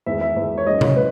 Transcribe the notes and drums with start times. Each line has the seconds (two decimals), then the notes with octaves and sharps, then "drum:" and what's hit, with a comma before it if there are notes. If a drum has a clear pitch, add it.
0.06 E2 D#3 G#3 E5
0.21 E5
0.36 E2 D#3 G#3
0.58 C#5
0.66 F#2 E3 G#3 D#5
0.81 C#5, drum: tom C3
0.96 B4